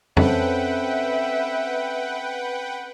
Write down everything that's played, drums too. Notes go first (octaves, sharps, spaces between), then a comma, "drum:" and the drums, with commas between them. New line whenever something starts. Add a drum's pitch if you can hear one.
C4 C#4 A4 B4 E5 F#5 G5, drum: tom F2